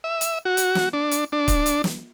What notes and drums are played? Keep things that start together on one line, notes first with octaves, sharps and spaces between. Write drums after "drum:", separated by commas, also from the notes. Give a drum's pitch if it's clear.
E5
drum: hi-hat
F#4
drum: hi-hat
drum: snare
D4
drum: hi-hat
D4
drum: kick C#1, hi-hat
drum: hi-hat
drum: snare